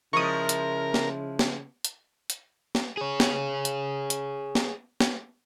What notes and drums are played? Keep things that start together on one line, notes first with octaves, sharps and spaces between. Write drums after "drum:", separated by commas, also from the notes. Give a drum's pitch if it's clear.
C#3 F3 G#3 E4 A#4 C#6 D#6
drum: hi-hat
drum: snare
drum: snare
drum: hi-hat
drum: hi-hat
drum: snare
G#4 C#5
drum: snare
drum: hi-hat
drum: hi-hat
drum: snare
drum: snare